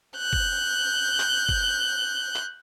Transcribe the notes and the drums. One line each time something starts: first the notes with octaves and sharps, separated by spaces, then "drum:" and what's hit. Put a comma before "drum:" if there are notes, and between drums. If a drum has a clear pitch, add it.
F#6 G6
drum: kick
drum: clap
drum: kick
drum: clap